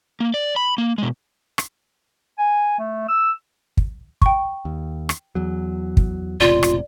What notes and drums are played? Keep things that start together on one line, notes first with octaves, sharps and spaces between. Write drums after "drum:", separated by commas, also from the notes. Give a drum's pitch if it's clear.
A#3
D5
B5
A#3
B2 G#3
drum: rim click
G#5
A3
E6
drum: kick
G5 C#6, drum: kick
D#2
drum: rim click
E2 F#3
drum: kick
E1 A1 C3 F4 D5
drum: rim click